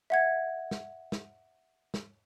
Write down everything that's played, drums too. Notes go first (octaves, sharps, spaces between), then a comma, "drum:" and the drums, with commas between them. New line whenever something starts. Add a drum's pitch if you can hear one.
E5 F#5 G#6
drum: snare
drum: snare
drum: snare